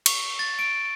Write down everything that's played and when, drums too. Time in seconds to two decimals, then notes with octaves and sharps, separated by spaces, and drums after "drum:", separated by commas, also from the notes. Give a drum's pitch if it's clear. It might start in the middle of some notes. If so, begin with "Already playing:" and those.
0.06 C#6, drum: cymbal
0.39 A6
0.59 D7